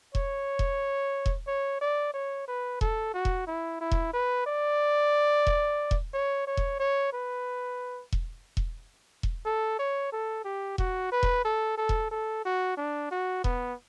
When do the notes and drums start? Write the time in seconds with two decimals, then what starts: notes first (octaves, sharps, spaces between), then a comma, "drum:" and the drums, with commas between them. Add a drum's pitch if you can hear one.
0.15 C#5, drum: kick E1
0.59 drum: kick E1
1.26 drum: kick E1
1.47 C#5
1.81 D5
2.14 C#5
2.48 B4
2.81 A4, drum: kick E1
3.14 F#4
3.25 drum: kick E1
3.47 E4
3.81 E4
3.92 drum: kick E1
4.13 B4
4.46 D5
5.47 drum: kick E1
5.91 drum: kick E1
6.14 C#5
6.47 C#5
6.57 drum: kick E1
6.80 C#5
7.13 B4
8.12 drum: kick E1
8.57 drum: kick E1
9.23 drum: kick E1
9.45 A4
9.79 C#5
10.12 A4
10.45 G4
10.78 F#4, drum: kick E1
11.12 B4
11.23 drum: kick E1
11.45 A4
11.77 A4
11.89 drum: kick E1
12.11 A4
12.45 F#4
12.77 D4
13.11 F#4
13.44 B3, drum: kick E1